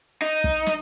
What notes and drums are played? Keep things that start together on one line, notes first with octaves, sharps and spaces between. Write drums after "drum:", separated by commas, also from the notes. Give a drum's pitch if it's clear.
D#4
drum: kick
drum: snare